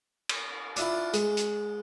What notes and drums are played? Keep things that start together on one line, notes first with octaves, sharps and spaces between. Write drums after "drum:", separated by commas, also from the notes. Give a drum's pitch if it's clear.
drum: cymbal
D4 E4 F4, drum: hi-hat
G#3, drum: hi-hat
drum: hi-hat